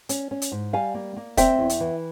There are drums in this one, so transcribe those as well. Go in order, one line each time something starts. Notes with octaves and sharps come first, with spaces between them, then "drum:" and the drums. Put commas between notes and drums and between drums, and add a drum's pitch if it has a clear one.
C#4, drum: hi-hat
C#4
drum: hi-hat
G#2
G3 F5 G#5
A#3
A#3
C4 E5 G5, drum: kick, hi-hat
E2
drum: hi-hat
E3